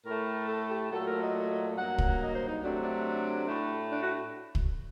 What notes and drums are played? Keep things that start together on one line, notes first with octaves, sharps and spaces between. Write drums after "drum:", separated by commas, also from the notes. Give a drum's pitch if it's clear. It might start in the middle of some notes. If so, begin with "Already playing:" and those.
A2 A3 A#4
A4
G4
A#2 F#3 A3 A4
A#4
D#5
G2 F#3 A#3 F#5
drum: kick
D#5
C5
D#4
C3 F#3 A3 D4
D4
A2 A3
D4
F#4
drum: kick